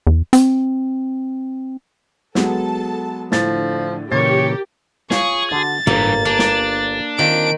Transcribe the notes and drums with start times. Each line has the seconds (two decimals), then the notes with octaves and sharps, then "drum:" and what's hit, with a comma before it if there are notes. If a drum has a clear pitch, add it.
0.07 E2
0.33 C4, drum: hi-hat
2.35 F#3 G#3 B3 A4 A5, drum: snare
3.32 A2 D3 F3 A6, drum: snare
4.12 A#2 C#3 E3 G4 A#4 C#5 A6
5.11 F4 G#4 C#5 F5 C#6, drum: snare
5.52 D3 F#4 A6
5.87 G1 G2 E3 A#3, drum: tom
6.25 A#3 D4
6.39 drum: snare
7.19 D#3 C4 F4 D7